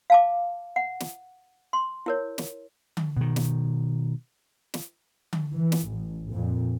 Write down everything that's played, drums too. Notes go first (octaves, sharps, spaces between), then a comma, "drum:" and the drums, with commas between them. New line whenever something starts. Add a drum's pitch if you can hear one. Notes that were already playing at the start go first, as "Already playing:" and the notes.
F5 A5 D6
F#5
drum: snare
C6
E4 A#4 C#5
drum: snare
drum: tom D3
B2 D#3
drum: snare
drum: snare
drum: tom D3
E3
drum: snare
A1
F2 A#2